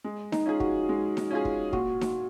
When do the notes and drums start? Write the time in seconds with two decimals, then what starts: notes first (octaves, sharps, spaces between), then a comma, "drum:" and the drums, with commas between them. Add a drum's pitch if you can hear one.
0.04 G#3
0.32 D#4, drum: snare D#4
0.46 C#4 F4 G#4
0.60 F#4, drum: kick
0.89 G#3
1.17 drum: snare D#4
1.31 C#4 F4 G#4
1.45 drum: kick
1.73 A#2 F#4, drum: kick
2.01 drum: snare D#4